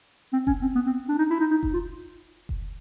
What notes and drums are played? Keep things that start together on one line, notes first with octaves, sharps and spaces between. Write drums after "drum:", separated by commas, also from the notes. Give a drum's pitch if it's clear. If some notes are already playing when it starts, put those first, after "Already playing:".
C4
C#4, drum: kick F1
C4
B3
C4
D4
D#4
E4
D#4
D#4
D#4, drum: kick F1
F4
drum: kick F1